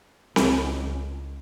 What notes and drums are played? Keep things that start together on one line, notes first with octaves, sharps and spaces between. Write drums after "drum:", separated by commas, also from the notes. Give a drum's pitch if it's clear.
C#2, drum: snare C4